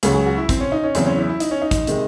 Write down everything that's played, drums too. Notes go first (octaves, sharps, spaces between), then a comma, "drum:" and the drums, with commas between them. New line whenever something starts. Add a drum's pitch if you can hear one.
C#2 C#3 F#3 G#4, drum: hi-hat
G#4
F#4
E4
C4, drum: kick, hi-hat
C#4
D#4
C#4
E2 C#3 F#3 C4, drum: hi-hat
C#4
E4
E4
D#4, drum: hi-hat
C#4
D#4
drum: kick, hi-hat
C3 D#3 G#3, drum: hi-hat